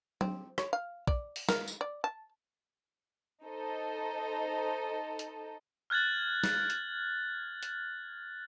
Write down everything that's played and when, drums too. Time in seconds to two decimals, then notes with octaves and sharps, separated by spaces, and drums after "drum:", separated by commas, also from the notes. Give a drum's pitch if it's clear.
0.21 C4, drum: tom F#3
0.58 C#5, drum: rim click
0.73 F5
1.07 D5, drum: kick
1.36 drum: open hi-hat
1.49 A#4, drum: snare
1.68 drum: tambourine
1.81 D5
2.04 A5
3.45 D#4 A4 C5 D#5
5.19 drum: hi-hat
5.90 F6 F#6 G#6 A6 F#7
6.44 drum: snare
6.70 drum: hi-hat
7.63 drum: hi-hat